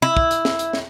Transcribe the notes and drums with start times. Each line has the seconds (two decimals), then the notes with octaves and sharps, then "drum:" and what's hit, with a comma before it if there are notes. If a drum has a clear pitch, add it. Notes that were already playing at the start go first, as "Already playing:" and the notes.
0.02 E4
0.17 drum: kick
0.31 drum: hi-hat
0.45 drum: snare
0.59 drum: hi-hat
0.73 drum: snare